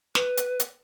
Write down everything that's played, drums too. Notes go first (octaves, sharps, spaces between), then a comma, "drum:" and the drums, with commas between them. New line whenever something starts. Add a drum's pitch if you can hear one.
B4, drum: snare
drum: hi-hat
drum: hi-hat